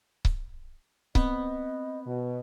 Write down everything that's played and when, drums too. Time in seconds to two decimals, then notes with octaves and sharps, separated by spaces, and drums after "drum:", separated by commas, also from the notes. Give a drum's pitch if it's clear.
0.25 drum: kick C#1
1.15 B3 C4 D#5, drum: kick C#1
2.06 B2